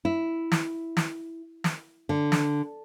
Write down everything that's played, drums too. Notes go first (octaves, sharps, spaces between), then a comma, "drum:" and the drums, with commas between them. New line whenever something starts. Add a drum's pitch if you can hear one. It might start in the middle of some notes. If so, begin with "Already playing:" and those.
E4
drum: snare
drum: snare
drum: snare
D3
drum: snare